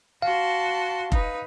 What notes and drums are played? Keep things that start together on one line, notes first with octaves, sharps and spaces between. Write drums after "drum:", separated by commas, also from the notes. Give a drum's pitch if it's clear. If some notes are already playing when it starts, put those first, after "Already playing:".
F#4 F5 A5 C6
D#4 B4, drum: kick F1